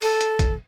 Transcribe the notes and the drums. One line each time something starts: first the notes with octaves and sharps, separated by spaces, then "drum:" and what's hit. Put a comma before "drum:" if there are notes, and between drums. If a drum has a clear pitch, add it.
A4, drum: open hi-hat
drum: hi-hat
drum: kick, hi-hat